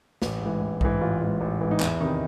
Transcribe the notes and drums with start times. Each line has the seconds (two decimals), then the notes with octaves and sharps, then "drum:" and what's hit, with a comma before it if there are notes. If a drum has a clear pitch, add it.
0.22 A1, drum: snare
0.41 G#2 E3
0.61 A1
0.81 G#2 E3, drum: kick B1
1.01 A1 F4
1.21 G#2 E3
1.41 A1
1.61 G#2 E3
1.71 D#4
1.80 E2 E4, drum: clap
2.01 C3 D#3 D#4